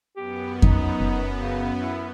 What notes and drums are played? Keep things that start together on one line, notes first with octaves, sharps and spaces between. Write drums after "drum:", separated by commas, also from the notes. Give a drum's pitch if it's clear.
F#2 B3 G4
A#1 D#4, drum: kick F2
F1
C#3
E4